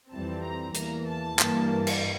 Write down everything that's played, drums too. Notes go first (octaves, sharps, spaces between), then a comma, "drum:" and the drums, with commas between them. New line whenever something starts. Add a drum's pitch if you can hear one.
F2 E3 G3 C4 A5
A#5
E2 E3 A#3 A#5, drum: hi-hat
A5
G2 E3 A#3, drum: clap
drum: cymbal